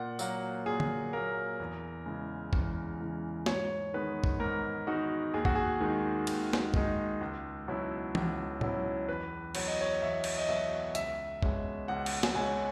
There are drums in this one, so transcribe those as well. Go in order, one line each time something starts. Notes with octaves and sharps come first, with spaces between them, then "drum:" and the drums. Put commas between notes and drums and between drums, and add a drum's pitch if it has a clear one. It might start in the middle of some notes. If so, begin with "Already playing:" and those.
Already playing: A#2 F#5
F#3 A#3, drum: tambourine
A#2 G#4
drum: tom D3
F#3 A#3 A#4
E2
C#3 E3 G#3
E2, drum: kick
C#3 E3 G#3
G#2 C#5, drum: snare
D#3 G#3 B3 D#4 B4
drum: kick
G#2 A#4
D#3 G#3 B3 D#4 F#4
D#2 G#4
F#4, drum: kick
G#4
D#3 G#3 D#4
D#2, drum: cymbal
drum: snare
D#3 G#3 D#4, drum: kick
C#2
B2 F#3 C#4 E4
C#2, drum: tom
B2 F#3 C#4 E4, drum: tom A2
E2 B4
B2 F#3 C#5, drum: cymbal
D#5
C#5
E2 E5
drum: cymbal
D#5
B2 F#3 E5
C#2 E5, drum: hi-hat
B2 G#3 C#4, drum: kick
C#2 F#5
drum: cymbal
drum: snare
B2 G#3 C#4 G#5